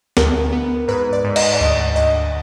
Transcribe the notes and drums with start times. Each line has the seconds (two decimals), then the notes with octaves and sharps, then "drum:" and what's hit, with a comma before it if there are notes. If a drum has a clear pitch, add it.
0.17 D2 A#4, drum: snare
0.52 B3
0.88 G#2 B4
1.13 D5
1.24 G#2
1.36 D#5, drum: cymbal
1.54 D5
1.60 D2 D#5
1.96 D2 D#5